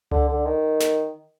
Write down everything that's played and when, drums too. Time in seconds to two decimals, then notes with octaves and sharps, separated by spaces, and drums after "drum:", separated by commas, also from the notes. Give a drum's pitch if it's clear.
0.11 D3, drum: tom C#2
0.28 D3
0.45 D#3
0.80 drum: snare